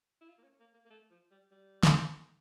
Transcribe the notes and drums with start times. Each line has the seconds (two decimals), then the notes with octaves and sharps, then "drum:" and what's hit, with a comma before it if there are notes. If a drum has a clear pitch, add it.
0.21 E4
0.28 F4
0.38 A#3
0.44 C#4
0.60 A#3
0.74 A#3
0.85 A#3
0.90 A3
1.11 F3
1.31 G3
1.51 G3
1.83 drum: snare